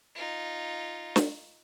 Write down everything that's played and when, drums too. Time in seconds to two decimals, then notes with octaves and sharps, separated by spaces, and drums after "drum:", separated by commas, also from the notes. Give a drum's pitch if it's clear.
0.15 D#4 F4
1.16 drum: snare